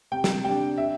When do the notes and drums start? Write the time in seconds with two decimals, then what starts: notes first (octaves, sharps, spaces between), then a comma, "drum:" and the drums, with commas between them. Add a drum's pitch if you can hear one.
0.12 C3 G5
0.24 drum: snare
0.44 G3 D4 G5
0.78 E5